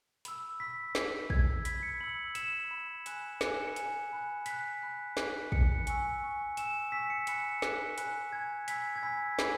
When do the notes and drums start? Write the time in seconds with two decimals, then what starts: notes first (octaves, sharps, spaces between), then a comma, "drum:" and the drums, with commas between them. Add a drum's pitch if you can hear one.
0.25 B5 E6, drum: hi-hat
0.60 B5 E6 B6
0.95 B5 E6, drum: snare
1.30 B5 E6 G#6, drum: kick
1.65 B5 E6 B6, drum: hi-hat
1.83 C#7
2.01 B5 E6 F#7
2.35 B5 E6 E7, drum: hi-hat
2.71 B5 E6
3.06 G#5 B5 F#6, drum: hi-hat
3.41 G#5 B5 F#6 C#7, drum: snare
3.76 G#5 B5 F#6, drum: hi-hat
4.11 G#5 B5 F#6
4.46 B5 F#6 B6, drum: hi-hat
4.82 B5 F#6
5.17 B5 F#6, drum: snare
5.52 B5 F#6 C#7, drum: kick
5.87 G#5 C#6 E6, drum: hi-hat
6.22 G#5 C#6 E6
6.57 G#5 C#6 E6 E7, drum: hi-hat
6.92 G#5 C#6 E6 B6
7.10 C#7
7.27 G#5 B5 F#6 C#7, drum: hi-hat
7.62 G#5 B5 F#6, drum: snare
7.98 G#5 B5 F#6, drum: hi-hat
8.33 G#5 B5 F#6 G#6
8.68 G#5 B5 E6 B6, drum: hi-hat
8.96 G#6
9.03 G#5 B5 E6 B6
9.39 G#5 B5 E6, drum: snare